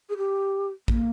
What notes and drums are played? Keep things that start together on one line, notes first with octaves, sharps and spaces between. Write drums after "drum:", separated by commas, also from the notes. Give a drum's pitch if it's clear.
G#4
G4
A#3, drum: kick